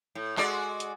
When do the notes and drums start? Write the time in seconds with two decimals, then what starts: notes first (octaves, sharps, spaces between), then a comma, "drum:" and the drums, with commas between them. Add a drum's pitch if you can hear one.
0.15 A2
0.37 G#3 F#4 D5, drum: clap
0.80 drum: hi-hat